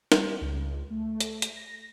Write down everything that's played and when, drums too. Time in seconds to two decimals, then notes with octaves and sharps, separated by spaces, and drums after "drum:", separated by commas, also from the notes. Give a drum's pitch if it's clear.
0.12 G3, drum: snare
0.41 C#2
0.90 A3
1.20 drum: hi-hat
1.42 drum: hi-hat
1.56 A#6